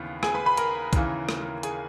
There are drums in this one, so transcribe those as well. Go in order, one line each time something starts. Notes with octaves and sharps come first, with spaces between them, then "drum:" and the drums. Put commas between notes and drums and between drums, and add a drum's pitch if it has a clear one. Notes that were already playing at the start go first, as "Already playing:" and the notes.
Already playing: D#2 C#3 E3 B3
G#4 G#5, drum: rim click
B4 B5
B4 B5
A#4 A#5, drum: hi-hat
D#2 C#3 E3, drum: kick B1, hi-hat
drum: rim click
G#4 G#5, drum: hi-hat